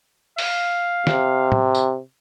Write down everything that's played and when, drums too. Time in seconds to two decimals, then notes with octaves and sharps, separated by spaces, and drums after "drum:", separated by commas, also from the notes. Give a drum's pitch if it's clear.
0.38 F5, drum: open hi-hat
1.07 C3, drum: snare
1.52 drum: tom
1.75 drum: tambourine